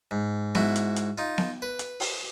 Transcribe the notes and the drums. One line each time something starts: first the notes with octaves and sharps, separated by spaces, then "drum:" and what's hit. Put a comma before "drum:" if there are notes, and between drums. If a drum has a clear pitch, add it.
G#2
G#2 E4 F#4, drum: snare B3
drum: hi-hat
drum: hi-hat
D#4 F4
drum: snare B3
B4
drum: hi-hat
drum: open hi-hat